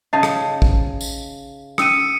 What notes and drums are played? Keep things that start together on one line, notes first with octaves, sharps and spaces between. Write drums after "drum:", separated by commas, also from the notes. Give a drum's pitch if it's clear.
C#3 D#4 D#5 F5 A5
drum: rim click
drum: kick
drum: tambourine
C#4 D#6 E6 C#7 D#7, drum: rim click